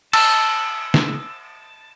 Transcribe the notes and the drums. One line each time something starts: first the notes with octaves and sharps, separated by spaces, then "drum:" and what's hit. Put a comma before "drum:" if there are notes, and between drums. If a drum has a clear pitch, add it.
A5 E6, drum: cymbal
drum: snare